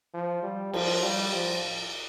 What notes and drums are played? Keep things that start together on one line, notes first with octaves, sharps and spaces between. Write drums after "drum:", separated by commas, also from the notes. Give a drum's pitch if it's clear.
F3
G3
F3, drum: cymbal
G3
F3